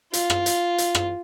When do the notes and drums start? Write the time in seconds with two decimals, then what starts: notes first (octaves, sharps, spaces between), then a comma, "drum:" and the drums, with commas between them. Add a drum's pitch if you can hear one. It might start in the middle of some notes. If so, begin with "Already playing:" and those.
0.13 F4, drum: hi-hat
0.30 drum: rim click
0.46 drum: hi-hat
0.78 drum: hi-hat
0.95 drum: rim click